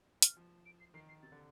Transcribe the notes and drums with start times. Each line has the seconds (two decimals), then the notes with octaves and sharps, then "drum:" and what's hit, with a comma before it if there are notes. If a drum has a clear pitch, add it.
0.22 F6, drum: hi-hat
0.37 F3
0.65 D7
0.80 C7
0.94 D#3 C7
1.08 C7
1.22 C3 A6
1.32 D3